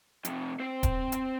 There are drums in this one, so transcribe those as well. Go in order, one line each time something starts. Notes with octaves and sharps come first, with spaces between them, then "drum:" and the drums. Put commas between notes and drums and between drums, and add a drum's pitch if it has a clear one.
F2 C3, drum: hi-hat
C4 C5
drum: kick D#1, hi-hat
drum: hi-hat